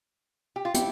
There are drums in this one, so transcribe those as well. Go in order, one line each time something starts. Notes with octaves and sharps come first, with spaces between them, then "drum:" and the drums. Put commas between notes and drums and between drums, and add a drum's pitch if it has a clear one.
G4
F4
E4 G4, drum: hi-hat